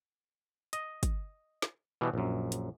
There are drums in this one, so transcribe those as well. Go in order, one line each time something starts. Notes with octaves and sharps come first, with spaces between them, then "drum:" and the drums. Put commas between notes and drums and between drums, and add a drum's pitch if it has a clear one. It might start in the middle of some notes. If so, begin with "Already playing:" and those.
D#5, drum: hi-hat
drum: kick, hi-hat
drum: snare
B2 E3 G3
A#1 F#2
drum: hi-hat